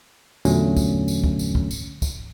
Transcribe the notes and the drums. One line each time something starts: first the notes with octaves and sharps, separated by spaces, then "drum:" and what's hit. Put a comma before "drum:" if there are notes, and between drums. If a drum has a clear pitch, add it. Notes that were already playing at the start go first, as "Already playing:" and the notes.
E2 A#2 D3 F#3 A3 C#4, drum: tambourine
drum: kick, tambourine
drum: tambourine
drum: kick
drum: tambourine
drum: kick
drum: tambourine
drum: kick, tambourine